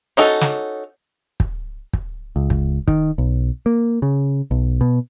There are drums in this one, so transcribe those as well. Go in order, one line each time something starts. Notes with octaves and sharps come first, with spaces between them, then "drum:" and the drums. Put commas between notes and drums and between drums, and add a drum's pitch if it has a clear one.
C#4 D#4 F#4 A4
drum: snare
drum: kick
drum: kick
C#2
drum: kick
D#3, drum: kick
B1
A#3
C#3
B1
B2